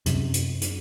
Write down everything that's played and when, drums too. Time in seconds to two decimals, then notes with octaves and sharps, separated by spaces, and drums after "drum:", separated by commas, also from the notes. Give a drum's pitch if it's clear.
0.06 F#2 C3, drum: hi-hat
0.34 drum: hi-hat
0.61 drum: hi-hat